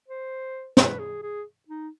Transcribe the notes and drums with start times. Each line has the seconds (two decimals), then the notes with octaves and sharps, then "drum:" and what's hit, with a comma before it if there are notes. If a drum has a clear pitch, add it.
0.08 C5
0.77 B4, drum: snare
0.99 G#4
1.23 G#4
1.68 D#4